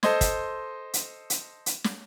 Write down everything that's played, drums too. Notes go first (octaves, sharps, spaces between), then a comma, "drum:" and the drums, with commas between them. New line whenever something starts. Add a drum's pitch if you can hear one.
A4 C5 D#5 C6 G#6, drum: snare
drum: kick, hi-hat
drum: hi-hat
drum: hi-hat
drum: hi-hat
drum: snare